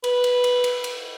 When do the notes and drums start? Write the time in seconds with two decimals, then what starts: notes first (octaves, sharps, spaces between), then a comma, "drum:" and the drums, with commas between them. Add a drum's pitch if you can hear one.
0.04 B4, drum: cymbal
0.24 drum: cymbal
0.44 drum: cymbal
0.64 drum: cymbal
0.84 drum: cymbal